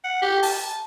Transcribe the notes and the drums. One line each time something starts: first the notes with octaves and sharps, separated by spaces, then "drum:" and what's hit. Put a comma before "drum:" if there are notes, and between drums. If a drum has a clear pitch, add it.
F#5
G4
A5, drum: open hi-hat